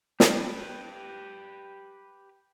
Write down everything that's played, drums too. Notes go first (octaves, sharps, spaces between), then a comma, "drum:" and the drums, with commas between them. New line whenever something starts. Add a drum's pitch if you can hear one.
G4 B4, drum: snare